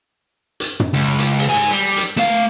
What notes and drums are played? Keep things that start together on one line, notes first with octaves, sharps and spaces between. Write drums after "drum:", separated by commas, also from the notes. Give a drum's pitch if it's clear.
drum: hi-hat
drum: tom
C#2
drum: hi-hat
drum: open hi-hat
G#2 G#5
G3
drum: hi-hat
A3 F5, drum: hi-hat